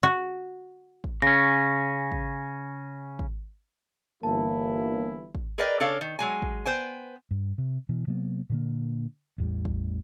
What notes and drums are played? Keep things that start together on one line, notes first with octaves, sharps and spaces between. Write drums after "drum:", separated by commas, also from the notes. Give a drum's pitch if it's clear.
F#4
drum: kick
C#3 C#4 A#6
drum: kick
drum: kick
G1 E3 A#3 E4 A5
drum: kick
G#4 A#4 B4 D5 D#5 G5
C#3 D4 A4 C#5 F5
D#3
F#3 G#3 G#5
drum: kick
B3 C5 G5 G#5
G2
C3
B2 E3
C3 F#3 A#3 B3
A#2 D3 A#3
A1 E2 A2 G3
drum: kick